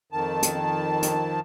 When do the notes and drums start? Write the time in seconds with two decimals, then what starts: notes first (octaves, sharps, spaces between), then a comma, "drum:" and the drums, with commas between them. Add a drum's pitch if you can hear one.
0.12 F2 D#3 A5
0.42 drum: hi-hat
1.02 drum: hi-hat